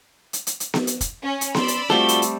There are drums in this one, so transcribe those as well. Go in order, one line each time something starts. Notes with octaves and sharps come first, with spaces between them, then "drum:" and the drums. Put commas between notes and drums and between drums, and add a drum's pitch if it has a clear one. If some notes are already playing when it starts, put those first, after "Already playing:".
drum: hi-hat
drum: hi-hat
drum: hi-hat
drum: snare B3
drum: hi-hat
drum: kick, hi-hat
C#4
drum: hi-hat
D5 B5 C6 E6, drum: snare B3
drum: hi-hat
G3 A3 C4 F4 F#4 A4 G7
drum: hi-hat
drum: hi-hat